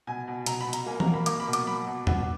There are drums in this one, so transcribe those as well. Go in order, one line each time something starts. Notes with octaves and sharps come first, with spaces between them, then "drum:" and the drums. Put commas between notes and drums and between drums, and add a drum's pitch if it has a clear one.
B2 G#5
B2
B2 A#5, drum: hi-hat
B5
B2
A#5, drum: hi-hat
A#3 G#5
A#5, drum: tom E3
A#3
B5
A#3 D6, drum: hi-hat
B5
B2
D6, drum: hi-hat
F#3 B5
B2
B3, drum: tom E2